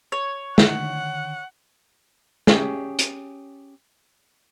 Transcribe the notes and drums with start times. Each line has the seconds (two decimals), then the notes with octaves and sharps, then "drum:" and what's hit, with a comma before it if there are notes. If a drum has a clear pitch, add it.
0.12 C#5
0.58 D3 D#3 F#5, drum: snare
2.47 C#4 G4 G#4, drum: snare
2.99 drum: hi-hat